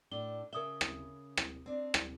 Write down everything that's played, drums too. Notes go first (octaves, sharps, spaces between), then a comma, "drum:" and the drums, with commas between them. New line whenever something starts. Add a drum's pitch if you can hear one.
A2 D4 G7
C#3 A#4 E5 D#6 G7
drum: rim click
drum: rim click
C4 D4
drum: rim click